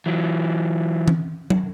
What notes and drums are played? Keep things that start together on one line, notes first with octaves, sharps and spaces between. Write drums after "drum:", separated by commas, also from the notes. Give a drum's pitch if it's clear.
E3 F#3
drum: tom E3
drum: tom F#3